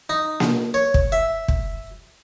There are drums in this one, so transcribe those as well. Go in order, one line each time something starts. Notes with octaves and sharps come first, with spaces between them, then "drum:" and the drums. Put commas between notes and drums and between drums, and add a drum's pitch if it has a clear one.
D#4
drum: snare A#3
C#5
drum: kick
E5
drum: kick